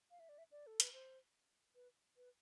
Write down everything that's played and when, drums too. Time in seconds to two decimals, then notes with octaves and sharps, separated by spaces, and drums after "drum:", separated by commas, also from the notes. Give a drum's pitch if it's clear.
0.11 F5
0.20 E5
0.29 D5
0.38 E5
0.52 D5
0.67 A4
0.80 B4, drum: hi-hat
0.93 C5
1.75 B4
2.17 B4